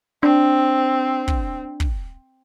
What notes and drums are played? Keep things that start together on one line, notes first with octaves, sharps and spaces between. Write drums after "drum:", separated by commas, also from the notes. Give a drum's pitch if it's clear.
C4 D4
drum: kick
drum: kick